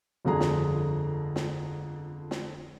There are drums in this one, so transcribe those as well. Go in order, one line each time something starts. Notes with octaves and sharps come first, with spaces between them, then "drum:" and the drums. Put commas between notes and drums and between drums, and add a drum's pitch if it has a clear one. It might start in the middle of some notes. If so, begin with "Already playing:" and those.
G1 F2 D3 G#4 A#5
drum: snare
drum: snare
drum: snare